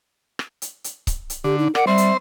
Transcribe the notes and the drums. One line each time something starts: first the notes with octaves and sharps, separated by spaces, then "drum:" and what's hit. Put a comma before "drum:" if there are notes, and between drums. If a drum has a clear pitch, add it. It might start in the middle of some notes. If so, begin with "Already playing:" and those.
drum: rim click
drum: hi-hat
drum: hi-hat
drum: kick C#1, hi-hat
drum: hi-hat
D3 G4
D#4
A#4 D5 F#5, drum: rim click
G3 C4 C5 E5
drum: hi-hat